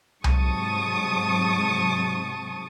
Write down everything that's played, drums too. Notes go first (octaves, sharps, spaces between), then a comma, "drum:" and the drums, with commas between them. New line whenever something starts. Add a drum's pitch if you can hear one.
G#2 C3 F#3 A5 C#6 D#6, drum: tom C2